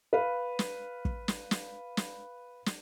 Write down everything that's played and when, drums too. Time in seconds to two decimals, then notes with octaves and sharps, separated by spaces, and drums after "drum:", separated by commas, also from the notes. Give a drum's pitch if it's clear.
0.13 B4 F5
0.59 drum: snare
1.05 drum: kick
1.28 drum: snare
1.51 drum: snare
1.97 drum: snare
2.66 drum: snare